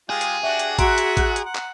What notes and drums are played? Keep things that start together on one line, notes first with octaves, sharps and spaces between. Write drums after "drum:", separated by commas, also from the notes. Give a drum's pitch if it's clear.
G#3 F4 G4 G#4
drum: hi-hat
D4 F#4 G4 E5
drum: hi-hat
F#4 E5 F#5 A#5 C6 D7, drum: kick A1, hi-hat
drum: hi-hat
drum: kick A1, hi-hat
drum: hi-hat
F#5
drum: clap